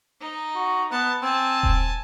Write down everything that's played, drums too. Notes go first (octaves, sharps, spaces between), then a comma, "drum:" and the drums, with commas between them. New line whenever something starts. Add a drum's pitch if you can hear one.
D#4
F#4
B3 A5
C4 G#5 A5
drum: kick D#1